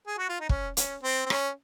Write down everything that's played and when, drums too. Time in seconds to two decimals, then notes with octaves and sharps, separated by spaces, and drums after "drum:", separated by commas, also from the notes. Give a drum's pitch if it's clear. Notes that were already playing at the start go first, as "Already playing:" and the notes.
0.07 G#4
0.18 F#4
0.29 F4
0.40 D#4
0.49 C#4, drum: kick
0.77 C#4, drum: hi-hat
1.03 C4
1.26 C4
1.30 C#4, drum: rim click